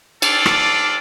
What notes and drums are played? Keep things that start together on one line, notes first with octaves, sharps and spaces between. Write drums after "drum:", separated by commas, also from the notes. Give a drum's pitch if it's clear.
D4 F4 A4 D5, drum: cymbal
drum: rim click